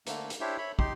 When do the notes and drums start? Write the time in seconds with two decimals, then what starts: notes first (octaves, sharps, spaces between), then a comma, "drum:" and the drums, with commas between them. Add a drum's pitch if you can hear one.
0.07 D3 A3 A#3, drum: hi-hat
0.30 drum: hi-hat
0.41 D4 E4 G4 C5 C#5 E5
0.58 C#5 E5 B5
0.79 D#4 G4 C6, drum: kick